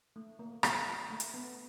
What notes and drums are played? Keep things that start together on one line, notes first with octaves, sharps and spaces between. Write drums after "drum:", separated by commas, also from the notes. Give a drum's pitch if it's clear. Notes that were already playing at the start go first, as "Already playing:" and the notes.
A3
A#3
A3, drum: rim click
A3
drum: hi-hat
B3